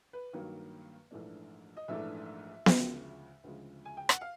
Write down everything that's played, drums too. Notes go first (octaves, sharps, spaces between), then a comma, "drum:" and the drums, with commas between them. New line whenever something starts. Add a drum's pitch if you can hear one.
B4
G2 D#3 F#3 A#3
A#1 G#2 E3 A3 D4
D#5
A#1 G#2 E3 A3 D4 E5
D2 C#3 F3 G#3, drum: snare B3
D2 C#3 F3 G#3
G#5
G5
F#5, drum: rim click
F5